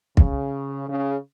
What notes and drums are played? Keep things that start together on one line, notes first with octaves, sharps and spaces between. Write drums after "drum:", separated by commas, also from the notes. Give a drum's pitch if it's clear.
C#3, drum: kick
C#3